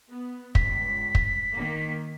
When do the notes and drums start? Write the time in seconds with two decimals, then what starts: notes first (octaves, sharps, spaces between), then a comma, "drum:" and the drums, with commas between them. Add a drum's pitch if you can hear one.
0.11 B3
0.55 C#2 G2 B6, drum: kick
1.15 drum: kick
1.53 D#3 A#3